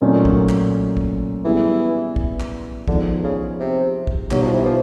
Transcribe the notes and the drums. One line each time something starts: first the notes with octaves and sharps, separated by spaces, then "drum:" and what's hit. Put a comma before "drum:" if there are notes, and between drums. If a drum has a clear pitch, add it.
A#2 D#3 F#3 A3 C#4
drum: kick
drum: clap
drum: kick
E3 G3 B3 E4 G#4
drum: kick
drum: clap
D3 F3 G#3 B3 D#4, drum: kick
C#3
C3
drum: kick
B2 F#3 G3 B3 D#4 G4, drum: clap
F3
E3
F3